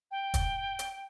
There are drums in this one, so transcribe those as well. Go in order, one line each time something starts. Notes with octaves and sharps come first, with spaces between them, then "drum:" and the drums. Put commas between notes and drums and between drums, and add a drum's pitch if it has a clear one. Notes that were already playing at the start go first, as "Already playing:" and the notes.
G5
drum: kick, hi-hat
drum: hi-hat